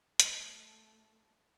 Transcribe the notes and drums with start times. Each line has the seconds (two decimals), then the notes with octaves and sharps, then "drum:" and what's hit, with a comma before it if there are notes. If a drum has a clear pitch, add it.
0.20 A3 A5, drum: hi-hat